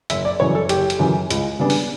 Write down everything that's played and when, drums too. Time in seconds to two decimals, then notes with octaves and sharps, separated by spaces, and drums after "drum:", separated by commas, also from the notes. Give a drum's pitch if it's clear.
0.10 F#1 E5, drum: hi-hat
0.25 D5
0.40 F#2 C#3 E3 C#5
0.55 A4
0.69 F#1 G4, drum: hi-hat
0.90 drum: hi-hat
0.99 F#2 C#3 E3
1.30 C#2, drum: hi-hat
1.59 C#3 G3 B3 D4
1.70 drum: open hi-hat